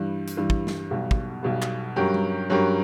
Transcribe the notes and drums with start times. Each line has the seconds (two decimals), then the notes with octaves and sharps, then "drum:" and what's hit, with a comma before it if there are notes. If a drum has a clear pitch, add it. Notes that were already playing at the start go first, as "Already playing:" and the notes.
Already playing: G2 E3 G3
0.28 drum: hi-hat
0.37 G2 E3 G3
0.50 drum: kick
0.67 drum: snare
0.91 B1 B2 G3
1.11 drum: kick
1.43 B1 B2 G3
1.62 drum: clap
1.96 G2 F#3 C#4 G4 A#4
2.14 drum: tom G3
2.50 G2 F#3 C#4 G4 A#4